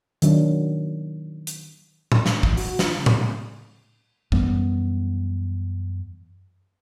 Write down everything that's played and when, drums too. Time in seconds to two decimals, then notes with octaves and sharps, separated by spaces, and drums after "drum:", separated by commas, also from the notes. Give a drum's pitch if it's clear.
0.22 D#3 F#3 D4, drum: hi-hat
1.47 drum: hi-hat
2.12 drum: tom A2
2.26 drum: snare
2.43 E3, drum: kick
2.57 F#4, drum: open hi-hat
2.79 F4, drum: snare
2.97 C#3
3.06 drum: tom A2
4.32 F#2 E3 G3 B3, drum: kick